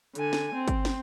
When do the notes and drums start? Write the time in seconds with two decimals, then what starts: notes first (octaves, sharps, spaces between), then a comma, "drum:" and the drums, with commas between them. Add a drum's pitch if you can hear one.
0.15 D3 G#5, drum: hi-hat
0.33 drum: snare
0.55 C4
0.68 drum: kick, hi-hat
0.85 drum: snare